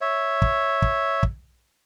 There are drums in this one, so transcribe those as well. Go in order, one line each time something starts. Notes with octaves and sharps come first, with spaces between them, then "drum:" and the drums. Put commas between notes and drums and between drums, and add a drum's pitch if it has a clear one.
C#5 E5
drum: kick
drum: kick
drum: kick